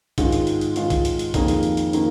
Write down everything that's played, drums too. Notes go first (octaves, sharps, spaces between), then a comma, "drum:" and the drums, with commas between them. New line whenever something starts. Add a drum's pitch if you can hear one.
G#2 D#3 G#3 F4, drum: kick A#1, hi-hat
drum: hi-hat
drum: hi-hat
drum: hi-hat
G#2 D#3 G#3 F4, drum: hi-hat
drum: kick A#1, hi-hat
drum: hi-hat
drum: hi-hat
F2 D#3 A#3 G#4, drum: kick A#1, hi-hat
drum: hi-hat
drum: hi-hat
drum: hi-hat
D#3 A#3, drum: hi-hat